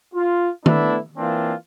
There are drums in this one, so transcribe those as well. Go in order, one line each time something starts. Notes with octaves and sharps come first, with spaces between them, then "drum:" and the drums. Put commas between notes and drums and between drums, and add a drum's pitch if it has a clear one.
F4
A3 B3 D4 E4, drum: tom D#3
E3 A#3 C4 D4 F4